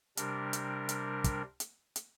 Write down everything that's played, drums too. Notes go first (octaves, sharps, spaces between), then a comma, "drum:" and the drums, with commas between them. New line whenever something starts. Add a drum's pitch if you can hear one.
C3 G3 D4 A#4, drum: hi-hat
drum: hi-hat
drum: hi-hat
drum: kick, hi-hat
drum: hi-hat
drum: hi-hat